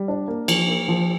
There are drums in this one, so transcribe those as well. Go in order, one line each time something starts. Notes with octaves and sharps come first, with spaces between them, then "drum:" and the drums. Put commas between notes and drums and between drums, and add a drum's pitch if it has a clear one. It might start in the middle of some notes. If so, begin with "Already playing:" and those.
Already playing: G3
D4
A#3
F3, drum: cymbal
A#3
F3